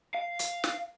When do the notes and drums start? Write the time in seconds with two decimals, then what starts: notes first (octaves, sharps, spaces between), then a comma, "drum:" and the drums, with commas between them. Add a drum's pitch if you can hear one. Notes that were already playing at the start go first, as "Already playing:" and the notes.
0.15 F5
0.39 drum: hi-hat
0.64 drum: snare